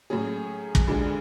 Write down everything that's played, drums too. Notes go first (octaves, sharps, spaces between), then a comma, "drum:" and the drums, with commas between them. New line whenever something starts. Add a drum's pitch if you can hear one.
A2 F#3 C#4 G#4
drum: kick
D2 D3 G#3 D4 G#4